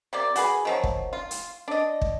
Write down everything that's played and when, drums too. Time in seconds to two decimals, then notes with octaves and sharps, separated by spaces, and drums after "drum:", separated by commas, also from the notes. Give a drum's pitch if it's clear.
0.13 C3 A#3 D5
0.36 F#4 G#4 B4 G#5, drum: hi-hat
0.65 D#3 F3 F#3
0.83 drum: kick
1.13 F4
1.31 drum: hi-hat
1.68 D4 D#5
2.01 drum: kick